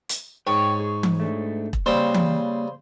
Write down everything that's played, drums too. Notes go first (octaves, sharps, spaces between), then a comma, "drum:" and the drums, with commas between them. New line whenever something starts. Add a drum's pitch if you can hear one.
drum: hi-hat
G#2 C#5 G5
G#4
drum: tom E3
A3 D4
drum: kick E1
C#3 G3 A#3 C4 C5 D5
drum: tom E3